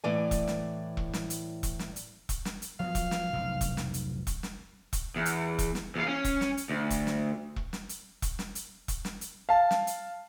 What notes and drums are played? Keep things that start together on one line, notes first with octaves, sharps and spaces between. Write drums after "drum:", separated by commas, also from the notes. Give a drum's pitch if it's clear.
A2 E3 D5 G#5
drum: kick E1, hi-hat
drum: snare
drum: kick E1
drum: snare
drum: hi-hat
drum: kick E1, hi-hat
drum: snare
drum: hi-hat
drum: kick E1, hi-hat
drum: snare
drum: hi-hat
F3 F#3 B3 F5
drum: kick E1, hi-hat
drum: snare
F1 B1 G#2
drum: kick E1, hi-hat
drum: snare
drum: hi-hat
drum: kick E1, hi-hat
drum: snare
drum: kick E1, hi-hat
E2
drum: hi-hat
drum: kick E1, hi-hat
drum: snare
E2 F5
C#4
drum: kick E1, hi-hat
drum: snare
drum: hi-hat
D2
drum: kick E1, hi-hat
drum: snare
drum: kick E1
drum: snare
drum: hi-hat
drum: kick E1, hi-hat
drum: snare
drum: hi-hat
drum: kick E1, hi-hat
drum: snare
drum: hi-hat
F5 A5
drum: snare
drum: hi-hat